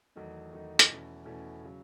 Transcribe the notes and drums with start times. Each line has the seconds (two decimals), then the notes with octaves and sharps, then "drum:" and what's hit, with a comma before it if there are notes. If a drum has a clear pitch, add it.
0.16 E2 D#3 F#3 A3 D#4
0.52 E2 D#3 F#3 A3 D#4
0.79 drum: hi-hat
0.89 E2 B2 A3 C#4 E4
1.25 E2 B2 A3 C#4 E4
1.64 C#3 F#3